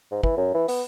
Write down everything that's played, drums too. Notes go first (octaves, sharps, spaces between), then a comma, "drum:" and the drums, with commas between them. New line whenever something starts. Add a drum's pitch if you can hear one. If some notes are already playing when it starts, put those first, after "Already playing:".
G#2
E3, drum: kick
F#2
E3
B3, drum: open hi-hat